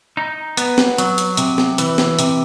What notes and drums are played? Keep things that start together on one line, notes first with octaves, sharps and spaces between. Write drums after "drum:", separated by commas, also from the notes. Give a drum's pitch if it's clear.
D#4
B3, drum: hi-hat
drum: snare
F#3, drum: hi-hat
drum: hi-hat
C3, drum: hi-hat
drum: snare
E3, drum: hi-hat
drum: snare
C3, drum: hi-hat